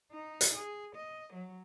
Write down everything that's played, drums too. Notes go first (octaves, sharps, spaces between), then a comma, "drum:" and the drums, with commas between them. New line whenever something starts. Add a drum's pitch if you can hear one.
D#4
drum: hi-hat
G#4
D#5
F#3